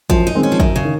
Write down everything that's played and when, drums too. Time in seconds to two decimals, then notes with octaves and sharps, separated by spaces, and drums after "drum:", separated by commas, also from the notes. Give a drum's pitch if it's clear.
0.10 F#2 F3, drum: kick
0.27 D#4
0.35 D#3 G#3 C4
0.43 C#4
0.52 F3
0.60 F#2 D#3, drum: kick
0.76 C#3
0.84 D#3